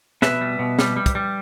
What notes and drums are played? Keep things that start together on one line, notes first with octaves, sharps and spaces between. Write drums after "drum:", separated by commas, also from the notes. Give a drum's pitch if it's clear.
B2 B4 E5, drum: snare
G3
B2
G3, drum: snare
G3
drum: kick, hi-hat
G3